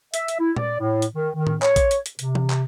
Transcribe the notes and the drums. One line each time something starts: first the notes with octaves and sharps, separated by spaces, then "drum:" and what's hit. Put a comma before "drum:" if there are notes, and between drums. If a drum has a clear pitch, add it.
E5, drum: hi-hat
drum: hi-hat
E4
D5, drum: tom A#2
A2
drum: hi-hat
D#3
D#3
drum: tom A2
C#5, drum: clap
drum: kick A#1, hi-hat
drum: hi-hat
drum: hi-hat
C3, drum: hi-hat
drum: tom E3
drum: clap